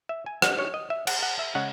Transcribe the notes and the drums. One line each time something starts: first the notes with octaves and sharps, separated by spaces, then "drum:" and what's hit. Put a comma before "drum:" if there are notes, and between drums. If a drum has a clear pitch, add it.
E5
G#5
F#5, drum: rim click
C#5
D#5
E5
F#5, drum: cymbal
F#5
E5
C#3 G#3 F#5